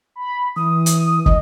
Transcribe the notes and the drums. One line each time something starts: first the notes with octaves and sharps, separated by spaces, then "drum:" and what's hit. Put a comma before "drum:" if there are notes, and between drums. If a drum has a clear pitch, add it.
B5
E3 D#6
drum: hi-hat
D#5, drum: kick